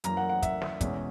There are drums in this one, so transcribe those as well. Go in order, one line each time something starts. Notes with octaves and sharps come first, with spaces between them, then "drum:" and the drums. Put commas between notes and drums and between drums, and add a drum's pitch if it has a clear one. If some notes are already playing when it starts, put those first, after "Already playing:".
F#2 E3 A#3 A#5, drum: hi-hat
F#5
F#5
E5, drum: kick, hi-hat
drum: snare
E2 B2 G#3 C#4, drum: kick, hi-hat